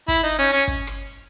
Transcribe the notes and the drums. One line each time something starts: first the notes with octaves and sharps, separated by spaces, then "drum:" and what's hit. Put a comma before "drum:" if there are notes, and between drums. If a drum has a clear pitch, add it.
E4, drum: kick
D#4
C#4
C#4
drum: kick
drum: rim click